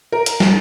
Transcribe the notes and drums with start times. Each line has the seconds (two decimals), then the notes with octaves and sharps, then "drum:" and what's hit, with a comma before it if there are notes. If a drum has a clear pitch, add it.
0.12 A#4
0.26 drum: hi-hat
0.40 drum: snare